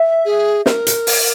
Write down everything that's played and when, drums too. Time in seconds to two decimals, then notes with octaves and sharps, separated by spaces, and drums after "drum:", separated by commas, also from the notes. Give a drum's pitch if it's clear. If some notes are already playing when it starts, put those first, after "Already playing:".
Already playing: E5
0.25 G#4
0.66 A#4, drum: snare
0.87 drum: hi-hat
1.07 drum: open hi-hat